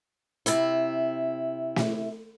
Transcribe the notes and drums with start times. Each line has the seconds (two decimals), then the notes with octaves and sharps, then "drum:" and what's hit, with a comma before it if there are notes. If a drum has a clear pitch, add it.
0.46 C3 E4, drum: hi-hat
1.76 drum: snare